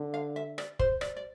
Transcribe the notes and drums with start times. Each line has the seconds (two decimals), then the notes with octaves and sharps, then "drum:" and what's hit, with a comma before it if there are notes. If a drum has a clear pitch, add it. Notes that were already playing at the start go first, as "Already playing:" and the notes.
Already playing: D3
0.14 F5
0.36 E5
0.58 D5, drum: rim click
0.79 C5, drum: kick
1.01 D5, drum: rim click
1.16 D5